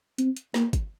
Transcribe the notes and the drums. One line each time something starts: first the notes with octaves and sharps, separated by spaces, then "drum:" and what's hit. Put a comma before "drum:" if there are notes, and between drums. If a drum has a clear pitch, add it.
C4, drum: hi-hat
drum: hi-hat
A#3, drum: snare
drum: kick, hi-hat